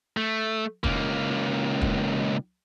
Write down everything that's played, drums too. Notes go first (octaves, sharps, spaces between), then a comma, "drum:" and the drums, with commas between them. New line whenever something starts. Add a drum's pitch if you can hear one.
A3
C#2 A#3, drum: kick
drum: kick